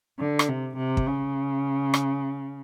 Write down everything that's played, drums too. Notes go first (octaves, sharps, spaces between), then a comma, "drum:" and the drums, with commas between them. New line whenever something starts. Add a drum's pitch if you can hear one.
D3
drum: rim click
C3
C3
drum: kick
C#3
drum: rim click